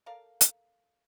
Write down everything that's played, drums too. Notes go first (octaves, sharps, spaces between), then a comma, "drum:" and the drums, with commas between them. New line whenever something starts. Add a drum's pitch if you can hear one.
A4 A#4 D5 F5
drum: hi-hat